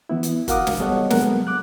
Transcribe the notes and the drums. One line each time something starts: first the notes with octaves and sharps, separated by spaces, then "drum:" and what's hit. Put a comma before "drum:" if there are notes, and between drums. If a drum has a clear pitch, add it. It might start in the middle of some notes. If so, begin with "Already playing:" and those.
E3 B3 E4
drum: hi-hat
F#4 A#4 F5 F#5 D6 D#6, drum: kick, hi-hat
drum: snare
G3 B3 A4 C#5 D#5 F#5
F#3 G#3 A#3 B3 A#4 F#5, drum: snare
D6 F#6